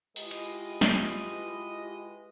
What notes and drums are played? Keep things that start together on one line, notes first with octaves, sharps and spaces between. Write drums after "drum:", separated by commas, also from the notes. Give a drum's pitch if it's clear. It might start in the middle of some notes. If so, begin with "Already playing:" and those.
G#3 E4 F4 G4 B4 D#5, drum: open hi-hat
drum: cymbal
drum: snare